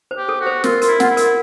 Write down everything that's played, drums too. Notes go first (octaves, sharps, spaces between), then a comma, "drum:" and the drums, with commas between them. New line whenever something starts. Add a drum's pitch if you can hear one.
C5
G4
A4
F#4
C5
F4 A#4, drum: snare
F4 A#4, drum: hi-hat
E4
F4 F#5, drum: snare
E4
A#4, drum: hi-hat